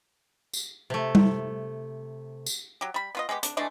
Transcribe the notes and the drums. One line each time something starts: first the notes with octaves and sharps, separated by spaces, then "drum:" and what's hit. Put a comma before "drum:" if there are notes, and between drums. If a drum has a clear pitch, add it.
drum: tambourine
C3 A3
drum: tom G3
drum: tambourine
F#3 G4
G3 B5
B3 F4 D#5
G#3 A3 B3 G4
D4, drum: hi-hat
E3 G#3 A3 D4